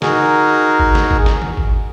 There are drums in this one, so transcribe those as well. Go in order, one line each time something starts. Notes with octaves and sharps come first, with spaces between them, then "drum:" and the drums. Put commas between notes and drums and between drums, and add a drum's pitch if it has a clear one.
D#4 F#4 G#4 A#4, drum: snare
drum: kick G#1
drum: snare
drum: kick G#1
drum: snare
drum: tom D#3
drum: kick G#1